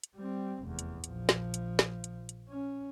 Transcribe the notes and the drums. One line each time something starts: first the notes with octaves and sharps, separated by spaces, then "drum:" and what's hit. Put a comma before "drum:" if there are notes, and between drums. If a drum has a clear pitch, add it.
drum: hi-hat
G3 C4
F1 E2
drum: hi-hat
A#1 F3, drum: hi-hat
drum: snare
drum: hi-hat
drum: snare
drum: hi-hat
drum: hi-hat
C#4